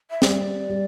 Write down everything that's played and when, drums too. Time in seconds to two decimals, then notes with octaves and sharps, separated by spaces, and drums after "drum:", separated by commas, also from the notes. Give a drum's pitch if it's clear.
0.10 E5
0.22 G3 D5, drum: snare
0.69 G3